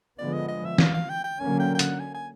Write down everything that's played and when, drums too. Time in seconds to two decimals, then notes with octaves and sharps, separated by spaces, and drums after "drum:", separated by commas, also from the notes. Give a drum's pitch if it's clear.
0.19 D3 F3 G#3 B3 D5
0.33 D#5
0.48 D#5
0.65 E5
0.78 F5, drum: snare
0.94 F5
1.09 G5
1.24 G5
1.39 D3 F#3 A#3 C#4 G#5
1.60 G5
1.75 G5
1.79 F#5, drum: hi-hat
1.99 G#5
2.15 G#5